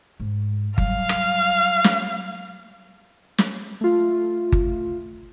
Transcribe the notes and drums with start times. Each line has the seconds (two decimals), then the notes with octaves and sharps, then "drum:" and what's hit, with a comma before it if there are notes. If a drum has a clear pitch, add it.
0.20 G#2
0.78 F#3 G3 F5, drum: kick G1
1.09 drum: rim click
1.84 drum: snare
3.38 drum: snare
3.81 A3 F4
4.52 drum: kick G1